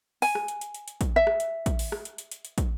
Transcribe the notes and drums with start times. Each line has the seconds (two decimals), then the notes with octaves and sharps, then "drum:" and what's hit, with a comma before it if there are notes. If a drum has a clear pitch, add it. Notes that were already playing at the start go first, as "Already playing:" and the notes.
0.22 G#5, drum: open hi-hat
0.35 drum: rim click
0.48 drum: hi-hat
0.61 drum: hi-hat
0.74 drum: hi-hat
0.88 drum: hi-hat
1.01 drum: kick, hi-hat
1.16 E5
1.27 drum: rim click
1.40 drum: hi-hat
1.66 drum: kick, hi-hat
1.79 drum: open hi-hat
1.92 drum: rim click
2.05 drum: hi-hat
2.18 drum: hi-hat
2.31 drum: hi-hat
2.45 drum: hi-hat
2.58 drum: kick, hi-hat